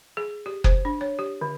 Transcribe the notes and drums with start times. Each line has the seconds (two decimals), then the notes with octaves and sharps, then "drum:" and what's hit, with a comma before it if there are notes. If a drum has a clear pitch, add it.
0.17 G#4
0.46 G4
0.64 C5, drum: kick F#1
0.85 D4
1.01 C#5
1.19 G4
1.41 D3